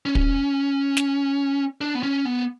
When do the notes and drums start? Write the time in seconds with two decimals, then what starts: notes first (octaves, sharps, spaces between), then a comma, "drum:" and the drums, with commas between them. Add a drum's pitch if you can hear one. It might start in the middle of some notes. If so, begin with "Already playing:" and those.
0.06 C#4
0.15 drum: kick
0.97 drum: snare
1.81 D4
1.95 B3
2.03 C#4
2.25 B3